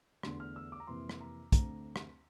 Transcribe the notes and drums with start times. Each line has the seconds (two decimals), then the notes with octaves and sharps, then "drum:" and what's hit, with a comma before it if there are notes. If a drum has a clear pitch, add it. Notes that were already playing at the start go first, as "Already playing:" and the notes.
0.23 E2 D3 A3 D4 C6, drum: rim click
0.40 F6
0.56 E6
0.72 D6
0.80 A#5
0.87 F2 C3 E3 A#3 C6
1.09 drum: rim click
1.21 A#5
1.52 D2 D3 A3 C4 A#5, drum: kick, hi-hat
1.96 drum: rim click